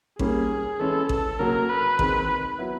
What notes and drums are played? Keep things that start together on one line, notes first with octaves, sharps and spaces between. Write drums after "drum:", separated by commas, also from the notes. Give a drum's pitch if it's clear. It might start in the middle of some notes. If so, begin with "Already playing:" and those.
G3 A#3 C#4 G#4, drum: kick A1
E3 G#3 C#4 E4 A4
A4, drum: kick A1
C#3 F#3 A#3 C#4 A#4
B4
D#3 G#3 C4, drum: kick A1
F#3 B3 E4